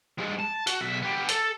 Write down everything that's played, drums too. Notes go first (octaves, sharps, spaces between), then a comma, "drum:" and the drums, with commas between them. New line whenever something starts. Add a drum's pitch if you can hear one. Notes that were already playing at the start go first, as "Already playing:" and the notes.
G2 G#3
A5
F#4, drum: hi-hat
B1 E5
B3 G4
A4, drum: hi-hat